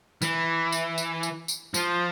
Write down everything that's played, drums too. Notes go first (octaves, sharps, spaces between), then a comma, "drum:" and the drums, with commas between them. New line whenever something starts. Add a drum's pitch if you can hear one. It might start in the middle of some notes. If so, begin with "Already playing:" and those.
E3, drum: tambourine
drum: tambourine
drum: tambourine
drum: tambourine
drum: tambourine
F3, drum: tambourine